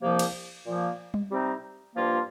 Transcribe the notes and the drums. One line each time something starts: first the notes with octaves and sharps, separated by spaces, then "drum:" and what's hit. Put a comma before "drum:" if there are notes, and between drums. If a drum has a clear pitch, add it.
C2 C3 F3 A#3
drum: cymbal
A#2 F3 A#3
drum: tom G3
C3 G3 C4 D#4
G2 F3 A#3 F4